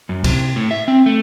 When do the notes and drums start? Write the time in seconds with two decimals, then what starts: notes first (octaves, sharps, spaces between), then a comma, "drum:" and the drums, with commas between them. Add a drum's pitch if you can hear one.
0.09 F#2
0.24 C3, drum: kick, cymbal
0.56 A2
0.71 E5
0.88 C4
1.06 A3